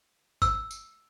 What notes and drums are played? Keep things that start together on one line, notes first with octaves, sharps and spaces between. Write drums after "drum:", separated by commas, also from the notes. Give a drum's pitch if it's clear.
E6, drum: kick G1, tambourine
drum: tambourine